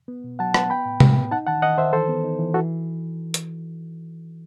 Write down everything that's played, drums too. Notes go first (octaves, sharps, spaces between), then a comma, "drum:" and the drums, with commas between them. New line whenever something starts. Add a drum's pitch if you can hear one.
B3
B2
F#3 F#5 A5
B3 F#5 A5, drum: rim click
B3 G5 B5
A2
A2, drum: tom C3
B3
D#4 F#5 A5
D#3 F#5 A5
D#3 D#5 F#5
D#3 C5 E5
E3 A4 C5
B3
D#4
E3
E3 F#4 A4
drum: hi-hat